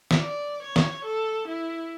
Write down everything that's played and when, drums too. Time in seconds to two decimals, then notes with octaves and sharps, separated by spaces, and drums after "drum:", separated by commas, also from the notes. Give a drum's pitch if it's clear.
0.11 drum: snare
0.21 D5
0.62 C#5
0.76 drum: snare
1.05 A4
1.47 E4